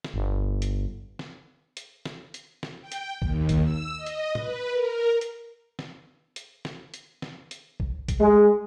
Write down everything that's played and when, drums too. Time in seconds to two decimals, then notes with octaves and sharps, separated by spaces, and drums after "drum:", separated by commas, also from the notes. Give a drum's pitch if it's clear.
0.04 drum: snare
0.14 G1
0.62 drum: hi-hat
1.19 drum: snare
1.77 drum: hi-hat
2.05 drum: snare
2.34 drum: hi-hat
2.63 drum: snare
2.81 G5
2.92 drum: hi-hat
3.22 D#2, drum: kick A#1
3.49 drum: kick A#1, hi-hat
3.63 E6
3.96 D#5
4.06 drum: hi-hat
4.35 B4, drum: tom A2
4.72 A#4
5.21 drum: hi-hat
5.79 drum: snare
6.36 drum: hi-hat
6.65 drum: snare
6.94 drum: hi-hat
7.22 drum: snare
7.51 drum: hi-hat
7.80 drum: kick A#1
8.08 drum: kick A#1, hi-hat
8.20 G#3